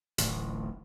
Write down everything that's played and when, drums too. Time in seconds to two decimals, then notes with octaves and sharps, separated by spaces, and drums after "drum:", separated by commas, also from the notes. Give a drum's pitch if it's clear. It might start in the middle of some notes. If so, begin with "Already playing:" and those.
0.18 D1 A1, drum: hi-hat